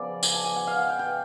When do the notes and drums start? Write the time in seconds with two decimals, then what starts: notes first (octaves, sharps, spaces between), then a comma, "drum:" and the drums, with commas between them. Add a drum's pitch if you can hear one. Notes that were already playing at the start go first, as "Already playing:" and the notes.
Already playing: C#3 F3 B3 D5
0.23 G#5, drum: tambourine
0.34 A5
0.44 G#5
0.56 F#5
0.67 F5
0.77 F#5
0.89 G5
0.99 G5